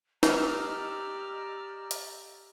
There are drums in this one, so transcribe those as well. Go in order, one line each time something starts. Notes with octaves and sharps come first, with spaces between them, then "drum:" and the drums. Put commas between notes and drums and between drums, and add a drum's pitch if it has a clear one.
G4 D5 D#5 A#5 E6 F6, drum: snare
drum: hi-hat